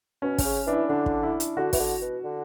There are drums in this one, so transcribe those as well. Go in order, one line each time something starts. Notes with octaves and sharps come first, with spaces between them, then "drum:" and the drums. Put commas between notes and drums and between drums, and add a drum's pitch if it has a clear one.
B2 C#4
C#4, drum: kick, open hi-hat
C#3
E3 D4
E4
D3 D4
drum: kick
E4
drum: hi-hat
D3 F#4
E3, drum: kick, open hi-hat
D3
B2
D3